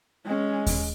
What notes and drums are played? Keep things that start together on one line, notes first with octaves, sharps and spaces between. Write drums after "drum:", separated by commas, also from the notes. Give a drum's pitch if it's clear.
G#3 C#4
drum: kick D#2, open hi-hat